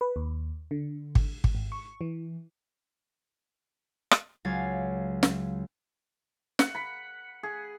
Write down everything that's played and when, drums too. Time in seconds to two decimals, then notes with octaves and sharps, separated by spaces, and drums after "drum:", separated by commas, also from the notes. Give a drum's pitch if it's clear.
0.01 B4
0.16 D#2
0.71 D3
1.15 drum: kick G#1
1.44 drum: kick G#1
1.55 G#1
1.72 C#6
2.01 E3
4.11 drum: rim click
4.45 C#2 F#3 F5 G#6 A6
5.23 drum: snare
6.59 F#5, drum: snare
6.75 B5
7.43 G#4